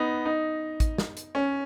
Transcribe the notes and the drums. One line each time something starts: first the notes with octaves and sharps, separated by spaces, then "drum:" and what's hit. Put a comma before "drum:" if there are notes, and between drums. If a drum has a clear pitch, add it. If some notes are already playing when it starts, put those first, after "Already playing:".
Already playing: B3 D#4
D#4
drum: kick A1, hi-hat
drum: snare
drum: hi-hat
C#4